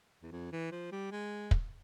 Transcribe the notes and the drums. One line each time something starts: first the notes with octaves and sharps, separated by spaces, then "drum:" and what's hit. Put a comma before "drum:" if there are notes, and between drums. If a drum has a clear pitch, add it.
E2
F2
E3
F3
G3
G#3
drum: kick